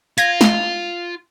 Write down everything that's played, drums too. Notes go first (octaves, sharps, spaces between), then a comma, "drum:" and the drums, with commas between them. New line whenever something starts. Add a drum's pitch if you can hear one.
F4 G#6 A#6, drum: hi-hat
drum: snare